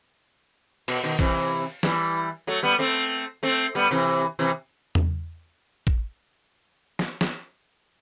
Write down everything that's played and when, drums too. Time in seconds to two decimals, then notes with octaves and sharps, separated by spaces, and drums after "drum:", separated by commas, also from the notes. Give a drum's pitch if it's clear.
0.88 B2, drum: cymbal
1.04 B2 D#3
1.19 C3 E3, drum: kick
1.83 E3 G3, drum: snare
2.47 F#3 A3
2.63 G3 B3
2.79 A3 C4
3.43 A3 C4
3.75 G3 B3
3.91 C3 E3
4.39 C3 E3
4.95 drum: tom E2
5.87 drum: kick
6.99 drum: snare
7.21 drum: snare